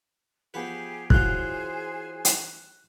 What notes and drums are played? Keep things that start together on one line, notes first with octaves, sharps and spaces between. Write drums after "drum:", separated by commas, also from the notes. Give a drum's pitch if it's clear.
F3 B3 G4 G#4 B4
E3 F#3 F4 G#4 C5 G#5 F#6, drum: kick
drum: hi-hat